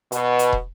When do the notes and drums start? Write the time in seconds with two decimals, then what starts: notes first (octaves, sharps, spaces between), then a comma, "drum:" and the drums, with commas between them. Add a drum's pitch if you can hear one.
0.12 B2, drum: hi-hat
0.39 drum: hi-hat
0.53 drum: kick